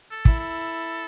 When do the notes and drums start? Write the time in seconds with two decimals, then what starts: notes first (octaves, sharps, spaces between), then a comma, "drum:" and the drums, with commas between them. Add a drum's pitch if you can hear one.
0.11 A4
0.25 E4, drum: kick
0.40 A4